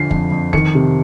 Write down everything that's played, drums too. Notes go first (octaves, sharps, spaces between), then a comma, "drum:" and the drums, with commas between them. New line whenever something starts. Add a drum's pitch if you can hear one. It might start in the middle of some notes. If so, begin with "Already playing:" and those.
Already playing: D3 F3 C7
F2, drum: kick
F2
D#3 C#7, drum: kick
C3